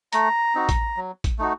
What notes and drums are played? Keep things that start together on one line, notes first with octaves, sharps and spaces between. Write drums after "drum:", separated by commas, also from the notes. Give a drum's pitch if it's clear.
A3 A#5, drum: hi-hat
C4 D#4 F#4
drum: kick A1, hi-hat
F#3
drum: kick A1, hi-hat
A3 D#4 F#4